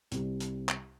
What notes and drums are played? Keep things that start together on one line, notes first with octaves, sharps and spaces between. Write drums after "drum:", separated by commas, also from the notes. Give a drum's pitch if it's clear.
C2 C3 G3, drum: hi-hat
drum: hi-hat
drum: clap